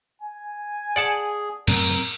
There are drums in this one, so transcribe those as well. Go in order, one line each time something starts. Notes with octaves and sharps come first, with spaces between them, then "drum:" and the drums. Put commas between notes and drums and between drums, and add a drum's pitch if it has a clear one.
G#5
G#4 D5 F#5 A5
F#2 A2 C4 A#4, drum: cymbal